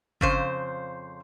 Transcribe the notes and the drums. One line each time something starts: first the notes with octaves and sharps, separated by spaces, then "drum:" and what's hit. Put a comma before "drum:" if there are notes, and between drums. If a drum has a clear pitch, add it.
F2 C#3 C5, drum: kick G1